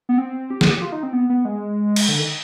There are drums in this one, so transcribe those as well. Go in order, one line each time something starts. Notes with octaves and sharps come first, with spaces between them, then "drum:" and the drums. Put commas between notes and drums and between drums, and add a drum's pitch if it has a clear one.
B3
C4
G4
G#4, drum: snare
G4
F4
D#4
C4
B3
B3
G#3
drum: cymbal
D3
D#3